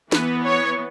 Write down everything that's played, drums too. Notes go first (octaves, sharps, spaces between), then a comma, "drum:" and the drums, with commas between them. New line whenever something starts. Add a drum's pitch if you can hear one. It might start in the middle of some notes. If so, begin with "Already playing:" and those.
E3 B3 B4, drum: snare
C#5